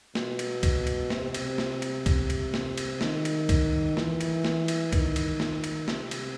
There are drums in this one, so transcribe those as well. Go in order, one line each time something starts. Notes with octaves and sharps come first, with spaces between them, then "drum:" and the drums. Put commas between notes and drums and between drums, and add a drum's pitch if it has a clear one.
B2, drum: snare
drum: cymbal
drum: kick C2, cymbal
drum: cymbal
C3, drum: snare
drum: cymbal
drum: snare
drum: cymbal
drum: kick C2, cymbal
drum: cymbal
drum: snare
drum: cymbal
D#3, drum: snare
drum: cymbal
drum: kick C2, cymbal
E3, drum: snare
drum: cymbal
drum: snare
drum: cymbal
D#3, drum: kick C2, cymbal
drum: cymbal
drum: snare
drum: cymbal
C3, drum: snare
drum: cymbal